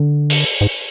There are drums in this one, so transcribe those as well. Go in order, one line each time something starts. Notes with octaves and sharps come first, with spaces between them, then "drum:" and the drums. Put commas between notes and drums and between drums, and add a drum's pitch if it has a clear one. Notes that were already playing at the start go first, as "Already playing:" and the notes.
Already playing: D3
drum: open hi-hat
G#2